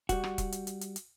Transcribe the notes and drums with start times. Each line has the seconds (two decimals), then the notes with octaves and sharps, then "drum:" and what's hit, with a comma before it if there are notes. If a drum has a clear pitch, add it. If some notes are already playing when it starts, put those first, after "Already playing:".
0.09 G3 F#4, drum: kick E1, hi-hat
0.24 drum: rim click
0.38 drum: kick E1, hi-hat
0.52 drum: hi-hat
0.67 drum: hi-hat
0.81 drum: hi-hat
0.96 drum: hi-hat